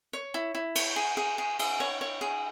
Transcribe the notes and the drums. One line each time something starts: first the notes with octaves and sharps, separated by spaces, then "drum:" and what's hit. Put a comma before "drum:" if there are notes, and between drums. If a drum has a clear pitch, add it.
C#5
E4
E4
C#5, drum: cymbal
G#4
G#4
G#4
G#4, drum: cymbal
C#5
C#5
G#4